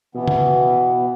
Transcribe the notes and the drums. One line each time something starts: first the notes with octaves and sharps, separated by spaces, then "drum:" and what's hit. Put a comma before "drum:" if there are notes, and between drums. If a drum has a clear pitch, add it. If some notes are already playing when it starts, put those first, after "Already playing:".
B2 E3 B3
drum: tom C#3